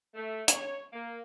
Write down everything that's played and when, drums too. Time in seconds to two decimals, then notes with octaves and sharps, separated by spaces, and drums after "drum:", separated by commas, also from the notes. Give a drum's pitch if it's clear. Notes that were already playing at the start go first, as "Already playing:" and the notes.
0.15 A3
0.48 C#5, drum: hi-hat
0.93 A#3